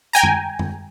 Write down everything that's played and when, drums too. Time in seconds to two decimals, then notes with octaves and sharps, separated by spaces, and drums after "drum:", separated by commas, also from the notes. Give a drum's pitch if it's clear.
0.13 G5 G#5 A#5
0.23 drum: tom
0.59 drum: tom